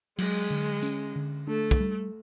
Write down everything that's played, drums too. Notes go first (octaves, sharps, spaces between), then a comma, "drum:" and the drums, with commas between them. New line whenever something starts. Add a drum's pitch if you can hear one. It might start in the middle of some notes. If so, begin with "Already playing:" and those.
F#3 G#3, drum: cymbal
D3
C#4, drum: tambourine
D3
A3 D4
drum: kick
G3